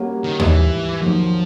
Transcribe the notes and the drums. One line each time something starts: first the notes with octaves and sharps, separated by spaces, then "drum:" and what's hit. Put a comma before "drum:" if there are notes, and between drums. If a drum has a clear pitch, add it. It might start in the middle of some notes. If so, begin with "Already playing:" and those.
Already playing: G3 A#3 C#4 F#4
D#3
G#2 D#3 E3 G3, drum: tom D#2
D#2 D#3 F3 F#3